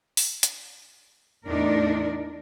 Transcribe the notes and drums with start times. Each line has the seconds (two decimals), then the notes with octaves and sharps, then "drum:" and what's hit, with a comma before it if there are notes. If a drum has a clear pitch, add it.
0.17 drum: open hi-hat
0.43 drum: hi-hat
1.47 E2 A2 D4 D#4 A#4 D5